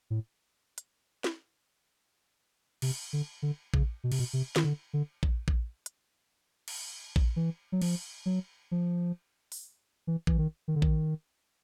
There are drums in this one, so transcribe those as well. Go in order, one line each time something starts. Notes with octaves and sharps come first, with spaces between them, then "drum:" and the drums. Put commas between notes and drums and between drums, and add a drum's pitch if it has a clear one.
A2
drum: hi-hat
drum: snare
C3, drum: cymbal
D3
D3
C#3, drum: kick A#1
B2
C3, drum: cymbal
B2
C3
D#3, drum: snare
D3
D3
drum: kick A#1
drum: kick A#1
drum: hi-hat
drum: cymbal
drum: kick A#1
E3
F#3
F3, drum: cymbal
F#3
F3
drum: open hi-hat
E3
E3, drum: kick A#1
D#3
D#3
D3
D#3, drum: kick A#1